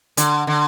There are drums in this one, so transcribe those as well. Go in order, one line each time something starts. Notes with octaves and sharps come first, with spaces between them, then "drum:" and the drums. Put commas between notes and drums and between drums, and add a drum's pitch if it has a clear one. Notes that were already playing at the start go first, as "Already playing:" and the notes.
D3, drum: hi-hat
D3